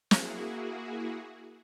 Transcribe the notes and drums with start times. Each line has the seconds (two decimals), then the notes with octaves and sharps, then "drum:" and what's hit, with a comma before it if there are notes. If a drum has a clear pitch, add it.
0.11 A#3 E4 F#4 G#4, drum: snare